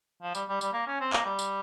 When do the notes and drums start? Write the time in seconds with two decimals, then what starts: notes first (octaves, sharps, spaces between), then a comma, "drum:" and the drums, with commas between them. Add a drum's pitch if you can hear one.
0.22 F3
0.35 G3, drum: tambourine
0.48 G3
0.61 G3, drum: tambourine
0.73 A#3
0.87 C#4
1.00 C4
1.13 A#3, drum: clap
1.26 G3
1.39 drum: tambourine